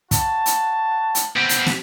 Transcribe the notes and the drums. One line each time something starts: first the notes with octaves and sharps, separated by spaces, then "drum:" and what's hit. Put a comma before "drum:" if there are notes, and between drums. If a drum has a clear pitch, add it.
F#4 A5, drum: kick, hi-hat
drum: hi-hat
drum: hi-hat
B2 C4
drum: hi-hat
drum: snare